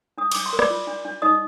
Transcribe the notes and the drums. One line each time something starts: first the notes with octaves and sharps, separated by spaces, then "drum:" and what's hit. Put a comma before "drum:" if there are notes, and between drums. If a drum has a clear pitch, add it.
D4 D#6
D4 D6, drum: cymbal
C6
A#4
D5 D6, drum: rim click
F4
D4
D4
D#4 D#5 D#6